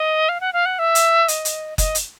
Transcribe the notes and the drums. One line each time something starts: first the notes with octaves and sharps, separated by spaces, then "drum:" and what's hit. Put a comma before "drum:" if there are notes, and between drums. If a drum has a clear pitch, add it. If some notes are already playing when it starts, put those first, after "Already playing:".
Already playing: D#5
F5
F#5
F5
F#5
E5
drum: hi-hat
D#5, drum: hi-hat
drum: hi-hat
D#5, drum: kick F#1, hi-hat
drum: hi-hat